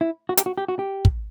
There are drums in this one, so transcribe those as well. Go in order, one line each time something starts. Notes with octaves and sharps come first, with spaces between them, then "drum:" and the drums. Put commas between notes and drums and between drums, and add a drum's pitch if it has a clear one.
E4
F#4
G4, drum: hi-hat
F#4
G4
F#4
G4
drum: kick